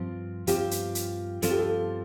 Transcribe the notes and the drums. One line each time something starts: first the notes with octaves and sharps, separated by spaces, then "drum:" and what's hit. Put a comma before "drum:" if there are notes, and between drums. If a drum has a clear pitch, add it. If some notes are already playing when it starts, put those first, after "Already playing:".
Already playing: G2 F3 C4 F4
G2 F3 C4 F4 G4, drum: hi-hat
drum: hi-hat
drum: hi-hat
G2 F3 C4 F4 A4, drum: hi-hat
G4
A4